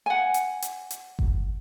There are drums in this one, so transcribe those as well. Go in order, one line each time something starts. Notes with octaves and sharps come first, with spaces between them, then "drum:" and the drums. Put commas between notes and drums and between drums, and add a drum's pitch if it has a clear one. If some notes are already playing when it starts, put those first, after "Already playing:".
F#5 G#5
drum: hi-hat
drum: hi-hat
drum: hi-hat
drum: kick G1